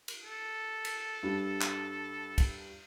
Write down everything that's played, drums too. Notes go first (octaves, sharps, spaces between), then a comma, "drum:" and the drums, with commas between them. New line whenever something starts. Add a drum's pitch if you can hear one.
drum: cymbal
A4
drum: cymbal
G2
drum: clap
drum: kick, cymbal